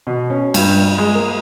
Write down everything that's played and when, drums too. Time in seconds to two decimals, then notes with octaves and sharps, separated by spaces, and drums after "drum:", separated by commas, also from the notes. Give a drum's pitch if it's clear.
0.07 B2
0.30 C#4
0.54 G2, drum: cymbal
0.98 G#3
1.15 A#3